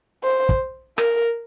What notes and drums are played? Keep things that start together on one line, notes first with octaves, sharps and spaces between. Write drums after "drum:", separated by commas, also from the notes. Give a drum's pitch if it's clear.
C5
drum: kick
A#4, drum: rim click